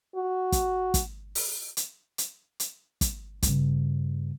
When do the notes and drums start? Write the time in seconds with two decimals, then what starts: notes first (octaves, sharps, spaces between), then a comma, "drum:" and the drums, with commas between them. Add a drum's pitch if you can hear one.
0.15 F#4
0.52 drum: kick, hi-hat
0.94 drum: kick, hi-hat
1.35 drum: open hi-hat
1.77 drum: hi-hat
2.18 drum: hi-hat
2.60 drum: hi-hat
3.01 drum: kick, hi-hat
3.42 G2 C#3, drum: kick, hi-hat